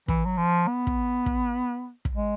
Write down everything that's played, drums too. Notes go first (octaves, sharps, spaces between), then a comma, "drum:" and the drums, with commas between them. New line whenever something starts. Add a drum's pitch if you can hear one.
E3, drum: kick
F#3
F3
B3
drum: kick
drum: kick
drum: kick
G#3